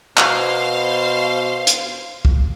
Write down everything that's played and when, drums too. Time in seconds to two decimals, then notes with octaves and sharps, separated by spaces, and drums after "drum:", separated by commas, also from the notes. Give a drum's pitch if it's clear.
0.17 B2 C5 F5 C6, drum: clap
1.67 drum: hi-hat
2.25 drum: kick